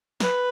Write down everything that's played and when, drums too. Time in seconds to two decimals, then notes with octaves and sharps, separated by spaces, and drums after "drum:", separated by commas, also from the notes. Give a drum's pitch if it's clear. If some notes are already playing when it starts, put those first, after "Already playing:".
0.20 B4, drum: snare